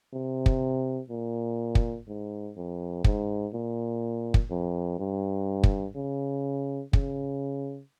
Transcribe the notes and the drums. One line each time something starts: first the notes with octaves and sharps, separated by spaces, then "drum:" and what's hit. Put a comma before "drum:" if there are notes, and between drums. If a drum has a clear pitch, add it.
C3
drum: kick
A#2
drum: kick
G#2
F2
G#2, drum: kick
A#2
drum: kick
F2
G2
drum: kick
C#3
C#3, drum: kick